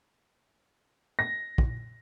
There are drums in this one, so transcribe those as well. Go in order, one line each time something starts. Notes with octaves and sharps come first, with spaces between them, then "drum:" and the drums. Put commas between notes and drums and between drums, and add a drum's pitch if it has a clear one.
A#6
drum: kick